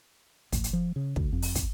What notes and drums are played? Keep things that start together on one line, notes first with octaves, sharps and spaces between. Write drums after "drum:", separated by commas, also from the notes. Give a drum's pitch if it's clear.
A1, drum: kick, hi-hat
drum: hi-hat
F3
C#3
D2, drum: kick
F2
drum: open hi-hat
drum: kick, hi-hat